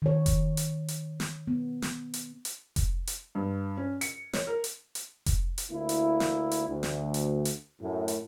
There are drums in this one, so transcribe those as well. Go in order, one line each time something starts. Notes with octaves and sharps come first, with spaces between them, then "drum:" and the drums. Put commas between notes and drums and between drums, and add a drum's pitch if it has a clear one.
D#3 C#5
drum: kick F1, hi-hat
drum: hi-hat
drum: hi-hat
drum: snare
B3
drum: snare
drum: hi-hat
drum: hi-hat
drum: kick F1, hi-hat
drum: hi-hat
G2
C#4
C#7, drum: hi-hat
C#5, drum: snare
A#4
drum: hi-hat
drum: hi-hat
drum: kick F1, hi-hat
drum: hi-hat
D2 A#3 E4
drum: hi-hat
drum: snare
drum: hi-hat
D2
drum: snare
drum: hi-hat
drum: hi-hat
F#2 A2
drum: hi-hat